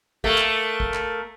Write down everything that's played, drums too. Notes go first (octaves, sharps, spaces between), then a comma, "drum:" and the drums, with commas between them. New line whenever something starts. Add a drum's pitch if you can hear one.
A3 A#3, drum: kick
drum: clap
drum: kick
drum: clap